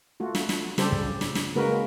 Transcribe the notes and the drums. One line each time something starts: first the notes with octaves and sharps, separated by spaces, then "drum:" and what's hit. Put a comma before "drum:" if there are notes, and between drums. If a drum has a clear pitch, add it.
A3 F4 F#4
drum: snare
drum: snare
C#3 G3 G4 A4 C5, drum: snare
drum: kick
drum: snare
drum: snare
C#3 G#3 A#3 F#4 A#4 B4